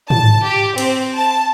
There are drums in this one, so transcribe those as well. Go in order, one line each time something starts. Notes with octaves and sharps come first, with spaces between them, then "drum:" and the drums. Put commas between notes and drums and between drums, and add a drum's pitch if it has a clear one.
A5, drum: tom G#2
G4
C4, drum: cymbal
A5